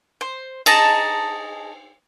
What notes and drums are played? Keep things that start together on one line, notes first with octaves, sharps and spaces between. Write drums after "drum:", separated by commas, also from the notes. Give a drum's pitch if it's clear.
C5
G#4 D#5 A5 A#5, drum: cymbal